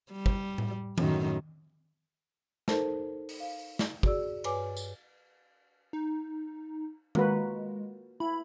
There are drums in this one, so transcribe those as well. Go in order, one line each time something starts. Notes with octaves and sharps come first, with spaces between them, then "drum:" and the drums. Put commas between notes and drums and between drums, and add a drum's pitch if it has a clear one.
G3
drum: kick
drum: tom A2
F#2 A2 D#3, drum: tom D#3
D#4 A4 A#4 C5 A5, drum: snare
drum: open hi-hat
F5
drum: snare
F#4 G#4 D5 E6, drum: kick
G2 B4 C#5 G#5 D6, drum: cymbal
drum: tambourine
D#4
G#3 A#3 F#4 B4, drum: tom D#3
E4 B5